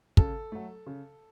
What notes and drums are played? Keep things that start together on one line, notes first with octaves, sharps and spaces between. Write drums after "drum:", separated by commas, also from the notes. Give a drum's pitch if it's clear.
C#3 A4, drum: kick
F#3 A3
C#3